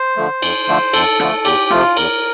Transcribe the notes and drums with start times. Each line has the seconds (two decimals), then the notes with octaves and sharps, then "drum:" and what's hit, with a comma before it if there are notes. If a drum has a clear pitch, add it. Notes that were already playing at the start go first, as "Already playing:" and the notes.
Already playing: C5
0.17 D3 F3 A3
0.42 F2, drum: cymbal
0.68 D3 F3 A3
0.93 F2 A4, drum: cymbal
1.20 D3 F3 A3, drum: rim click
1.45 E2 G4, drum: cymbal
1.70 C3 F3 A3 F4, drum: rim click
1.97 E2 A#4, drum: cymbal